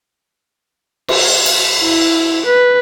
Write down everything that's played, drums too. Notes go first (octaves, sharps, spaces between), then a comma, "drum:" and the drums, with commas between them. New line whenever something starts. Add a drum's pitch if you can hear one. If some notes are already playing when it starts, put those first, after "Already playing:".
drum: cymbal
drum: cymbal
E4
B4